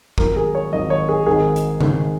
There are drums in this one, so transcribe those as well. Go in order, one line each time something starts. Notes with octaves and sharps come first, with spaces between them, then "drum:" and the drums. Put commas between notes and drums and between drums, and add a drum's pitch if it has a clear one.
G#1 G#2 D#3 F#3 A#4, drum: kick
G#4
C#5
G#1 G#2 D#3 F#3 D#5
C#5
G#4
G#1 G#2 D#3 G#4
drum: hi-hat
G#1 G#2 D#3, drum: tom C#3